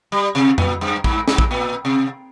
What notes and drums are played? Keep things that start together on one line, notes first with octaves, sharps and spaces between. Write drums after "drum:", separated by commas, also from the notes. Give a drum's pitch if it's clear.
G3
C3
A#2, drum: tom F2
G2
G#2, drum: kick
G#2, drum: snare
drum: kick
A#2
C3